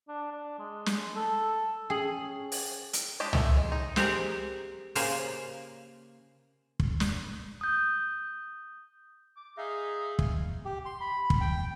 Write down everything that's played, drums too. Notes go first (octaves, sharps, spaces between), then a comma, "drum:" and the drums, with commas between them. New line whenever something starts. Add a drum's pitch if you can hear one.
D4
D4
G#3
drum: snare
A4
C#4 G#4 G5 F#7
drum: open hi-hat
drum: hi-hat
G#3 D4 G4 D#5
G#3 A3, drum: tom
G#3
D#4
C4 G4 G#4 A#4, drum: snare
C#3 A#3 G4 C5 F5 G#5, drum: open hi-hat
drum: kick
drum: snare
D#6 G6
D6
D#4 G#4 E5 F5
G#5, drum: kick
G4
C6
B5
drum: kick
G5